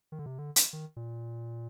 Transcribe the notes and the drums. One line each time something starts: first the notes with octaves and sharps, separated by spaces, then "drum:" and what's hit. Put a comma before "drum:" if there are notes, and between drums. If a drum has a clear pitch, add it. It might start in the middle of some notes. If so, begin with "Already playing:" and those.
D#3
D3
C3
D3
drum: hi-hat
D#3
A#2